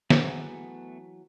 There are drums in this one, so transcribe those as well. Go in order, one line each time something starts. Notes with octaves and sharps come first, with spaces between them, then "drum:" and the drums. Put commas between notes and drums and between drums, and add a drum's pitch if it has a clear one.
E3 F#3 A3 B3 G#4 C5 F#5, drum: snare